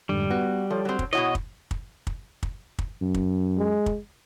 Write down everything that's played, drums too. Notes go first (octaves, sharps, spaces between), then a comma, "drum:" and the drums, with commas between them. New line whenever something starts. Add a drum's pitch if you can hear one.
F2 G#2 D3 G3
B3 F#4
F3 A4 C#5
F#3 C4
drum: kick
B2 E4 F#4 C#5 D#5 D#6
drum: kick
drum: kick
drum: kick
drum: kick
drum: kick
F#2
drum: kick
G#3
drum: kick